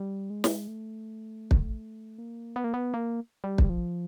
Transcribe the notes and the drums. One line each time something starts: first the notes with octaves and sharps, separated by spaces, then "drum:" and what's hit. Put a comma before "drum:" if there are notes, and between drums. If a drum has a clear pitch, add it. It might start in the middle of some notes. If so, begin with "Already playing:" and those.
Already playing: G3
G#3
drum: snare
A3
drum: kick
A#3
B3
A#3
B3
A#3
G3
drum: kick
F3